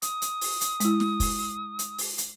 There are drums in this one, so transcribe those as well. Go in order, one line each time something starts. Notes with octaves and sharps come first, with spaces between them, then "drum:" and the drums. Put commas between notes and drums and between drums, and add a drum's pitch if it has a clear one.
D#6, drum: hi-hat
drum: hi-hat
drum: open hi-hat
drum: hi-hat
G#3 E4, drum: hi-hat
drum: snare
drum: kick, open hi-hat
drum: hi-hat
drum: open hi-hat
drum: hi-hat